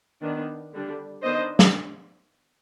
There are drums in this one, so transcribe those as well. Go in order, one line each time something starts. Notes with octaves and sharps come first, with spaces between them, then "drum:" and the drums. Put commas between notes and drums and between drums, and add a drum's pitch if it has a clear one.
D#3 B3 D4
D3 G3 D4
D#3 B3 D4 C5 D#5
drum: snare